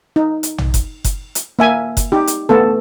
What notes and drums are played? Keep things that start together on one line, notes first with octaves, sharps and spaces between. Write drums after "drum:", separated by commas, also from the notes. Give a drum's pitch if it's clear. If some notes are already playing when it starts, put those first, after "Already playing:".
D#4
drum: hi-hat
drum: tom
drum: kick F#1, hi-hat
drum: kick F#1, hi-hat
drum: hi-hat
A#3 E5 G#5
drum: kick F#1, hi-hat
D#4 G4
drum: hi-hat
A3 B3 A4